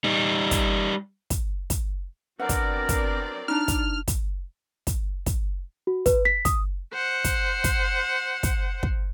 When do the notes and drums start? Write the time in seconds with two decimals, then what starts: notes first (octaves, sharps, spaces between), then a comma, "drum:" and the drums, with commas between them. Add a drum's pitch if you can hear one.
0.04 G3 D#4
0.51 drum: kick, hi-hat
1.30 drum: kick, hi-hat
1.70 drum: kick, hi-hat
2.40 F#3 B3 C4 D4 A#4 D5 F#5
2.49 drum: kick, hi-hat
2.89 drum: kick, hi-hat
3.48 D4 D#4 F6
3.68 drum: kick, hi-hat
4.08 drum: kick, hi-hat
4.87 drum: kick, hi-hat
5.26 drum: kick, hi-hat
5.87 F#4
6.06 B4, drum: kick, hi-hat
6.25 B6
6.45 D#6, drum: kick, hi-hat
6.93 C5 F#5
7.24 drum: kick, hi-hat
7.64 drum: kick, hi-hat
8.43 drum: kick, hi-hat
8.83 drum: kick